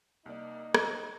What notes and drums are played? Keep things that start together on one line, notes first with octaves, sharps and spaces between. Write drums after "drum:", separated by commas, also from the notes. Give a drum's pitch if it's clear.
C2 A#3 D#4 D5
E6, drum: rim click